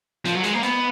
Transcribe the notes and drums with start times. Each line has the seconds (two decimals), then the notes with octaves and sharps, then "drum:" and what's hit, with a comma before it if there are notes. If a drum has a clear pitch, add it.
0.25 F3, drum: hi-hat
0.35 F#3
0.44 G#3, drum: hi-hat
0.54 A#3
0.63 B3, drum: hi-hat